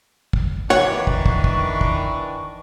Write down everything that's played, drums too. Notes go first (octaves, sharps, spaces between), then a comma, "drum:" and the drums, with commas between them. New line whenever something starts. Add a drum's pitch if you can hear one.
drum: kick
D#3 E3 D4 C#5 F#5 C#6
drum: kick
drum: kick
drum: kick
drum: kick